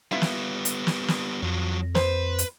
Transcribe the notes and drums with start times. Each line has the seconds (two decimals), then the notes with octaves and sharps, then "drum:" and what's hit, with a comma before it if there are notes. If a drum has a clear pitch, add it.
0.11 G3 B3 E4 F4
0.22 drum: snare
0.65 drum: hi-hat
0.87 drum: snare
1.08 drum: snare
1.42 F2 F3 F#3
1.95 B4 C5, drum: snare
2.39 drum: hi-hat